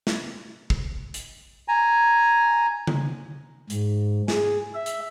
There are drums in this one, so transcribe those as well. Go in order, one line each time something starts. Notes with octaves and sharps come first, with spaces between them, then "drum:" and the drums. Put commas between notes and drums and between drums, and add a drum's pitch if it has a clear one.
drum: snare
drum: kick
drum: hi-hat
G#5 A#5
drum: tom C#3
G#2, drum: hi-hat
G#4, drum: snare
E5
drum: hi-hat